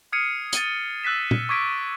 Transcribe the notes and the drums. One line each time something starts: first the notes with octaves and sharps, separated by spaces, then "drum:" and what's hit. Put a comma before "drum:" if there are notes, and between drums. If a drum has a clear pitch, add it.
D#6 F6 G#6 C7 C#7 D#7
A6 D#7 G7, drum: hi-hat
E6 F#6 A6 B6 E7
drum: tom A#2
C#6 D6 G#6 B6 D7